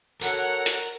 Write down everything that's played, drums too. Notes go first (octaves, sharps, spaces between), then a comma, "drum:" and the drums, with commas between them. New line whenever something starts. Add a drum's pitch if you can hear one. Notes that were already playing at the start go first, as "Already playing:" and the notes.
F#4 A4 A#4 C#5 F#5, drum: tambourine
drum: hi-hat